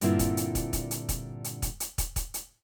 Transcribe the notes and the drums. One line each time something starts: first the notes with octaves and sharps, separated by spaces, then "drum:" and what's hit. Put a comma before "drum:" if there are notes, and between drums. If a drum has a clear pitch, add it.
G2 A#2 D3 C4 E4 F4, drum: hi-hat
drum: kick, hi-hat
drum: hi-hat
drum: kick, hi-hat
drum: kick, hi-hat
drum: hi-hat
drum: kick, hi-hat
drum: hi-hat
drum: kick, hi-hat
drum: hi-hat
drum: kick, hi-hat
drum: kick, hi-hat
drum: hi-hat